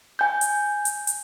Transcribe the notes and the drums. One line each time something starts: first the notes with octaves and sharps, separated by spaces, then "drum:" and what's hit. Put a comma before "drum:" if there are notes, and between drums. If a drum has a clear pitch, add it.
G#5 G6
drum: hi-hat
drum: hi-hat
drum: hi-hat